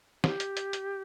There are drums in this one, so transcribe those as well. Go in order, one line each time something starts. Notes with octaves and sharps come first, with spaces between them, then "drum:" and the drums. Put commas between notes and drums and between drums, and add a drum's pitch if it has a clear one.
G4, drum: snare
drum: hi-hat
drum: hi-hat
drum: hi-hat